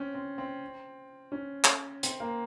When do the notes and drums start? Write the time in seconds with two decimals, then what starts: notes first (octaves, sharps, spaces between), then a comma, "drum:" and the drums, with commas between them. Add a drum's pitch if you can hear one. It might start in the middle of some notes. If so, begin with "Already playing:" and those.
Already playing: C4 C#4
0.14 C4
0.38 C4
1.32 C#4
1.64 drum: clap
2.03 C4, drum: hi-hat
2.20 A#3